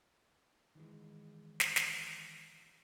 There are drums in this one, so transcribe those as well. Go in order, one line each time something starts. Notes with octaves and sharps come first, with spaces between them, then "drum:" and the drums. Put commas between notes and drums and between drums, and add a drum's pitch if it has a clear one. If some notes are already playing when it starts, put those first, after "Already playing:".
D#3 E3 G#3
drum: snare
drum: snare